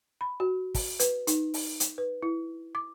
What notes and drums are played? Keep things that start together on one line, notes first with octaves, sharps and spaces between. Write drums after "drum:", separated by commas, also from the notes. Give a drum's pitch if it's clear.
B5
F#4
drum: kick, open hi-hat
B4, drum: hi-hat
D#4, drum: hi-hat
drum: open hi-hat
drum: hi-hat
B4
E4
D6